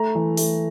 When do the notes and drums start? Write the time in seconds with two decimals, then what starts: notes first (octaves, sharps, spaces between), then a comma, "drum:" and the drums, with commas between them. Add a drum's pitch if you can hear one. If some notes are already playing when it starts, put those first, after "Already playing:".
Already playing: A3 A#5
0.15 E3
0.37 A3, drum: open hi-hat